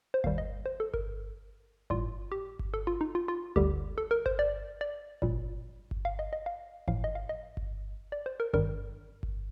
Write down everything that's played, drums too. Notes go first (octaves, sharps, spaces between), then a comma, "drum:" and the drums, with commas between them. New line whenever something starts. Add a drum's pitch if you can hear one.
C5
D#2 D#3 G3 F5, drum: kick G1
D#5
C5
A4
A#4, drum: kick G1
A1 A2 G3 F4, drum: kick G1
G4
drum: kick G1
A4
F4
D#4
F4
F4
D2 D3 G3 G4, drum: kick G1
A4
A#4
C5, drum: kick G1
D5
D5
A#1 A#2 G3, drum: kick G1
drum: kick G1
F5
D#5
D#5
F5
A1 A2 F3 F5, drum: kick G1
D#5
F5
D#5
drum: kick G1
D5
C5
A#4
G1 G2 D#3 G3 A#4, drum: kick G1
drum: kick G1